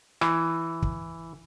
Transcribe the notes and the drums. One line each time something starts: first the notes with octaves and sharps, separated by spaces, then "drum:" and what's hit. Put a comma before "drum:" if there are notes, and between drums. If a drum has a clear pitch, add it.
E3, drum: rim click
drum: kick